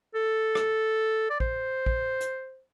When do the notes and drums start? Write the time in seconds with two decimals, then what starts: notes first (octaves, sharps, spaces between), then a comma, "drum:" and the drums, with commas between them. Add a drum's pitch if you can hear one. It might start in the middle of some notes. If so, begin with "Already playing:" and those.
0.15 A4
0.55 drum: rim click
1.30 D5
1.40 C5, drum: kick A#1
1.86 drum: kick A#1
2.21 drum: hi-hat